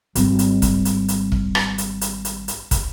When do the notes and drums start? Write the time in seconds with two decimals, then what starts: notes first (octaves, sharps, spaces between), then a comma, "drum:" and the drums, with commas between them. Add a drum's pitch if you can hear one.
0.15 G#1 G3, drum: hi-hat
0.39 drum: hi-hat
0.62 drum: kick, hi-hat
0.85 drum: hi-hat
1.08 drum: hi-hat
1.32 drum: kick
1.55 drum: rim click
1.78 drum: hi-hat
2.01 drum: hi-hat
2.25 drum: hi-hat
2.48 drum: hi-hat
2.71 drum: kick, hi-hat